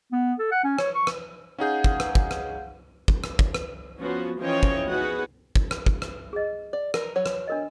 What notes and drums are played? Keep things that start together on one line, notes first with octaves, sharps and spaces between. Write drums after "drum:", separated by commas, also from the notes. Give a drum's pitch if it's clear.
B3
A4
F#5
C#4
C#5, drum: rim click
C#6
drum: rim click
C#4 D#4 G#4 F5 F#5 G6
drum: kick
drum: rim click
drum: kick
drum: rim click
drum: kick
drum: rim click
drum: kick
drum: rim click
F3 B3 C#4 F#4
E3 F3 C#4 C#5 D#5 G5
drum: kick
B3 D#4 F#4 G#4 B4 F#5
drum: kick
drum: rim click
drum: kick
drum: rim click
G#4 D#5
D5
A#4, drum: rim click
F#3 C#5
drum: rim click
D4 A#4 D#5